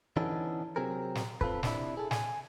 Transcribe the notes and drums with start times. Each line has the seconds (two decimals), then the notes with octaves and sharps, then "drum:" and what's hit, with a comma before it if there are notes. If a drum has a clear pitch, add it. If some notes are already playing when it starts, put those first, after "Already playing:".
0.17 D3 E3 B3 C#4 D#4 A4
0.76 C3 F#3 C4 G#4 A#4
1.15 drum: snare
1.41 C4 F4 A4 B4, drum: kick
1.63 C3 D4 E4, drum: snare
1.97 G#4 A4
2.11 G#5, drum: snare